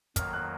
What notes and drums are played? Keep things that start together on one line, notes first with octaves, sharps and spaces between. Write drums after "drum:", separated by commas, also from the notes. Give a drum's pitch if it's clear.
F2 D#3 F#3 A#3 F6, drum: kick, hi-hat
F#6